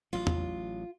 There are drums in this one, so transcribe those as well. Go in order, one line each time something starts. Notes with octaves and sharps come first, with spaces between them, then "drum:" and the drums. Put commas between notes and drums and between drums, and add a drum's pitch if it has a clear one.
A1 F#3 F4
drum: tom E2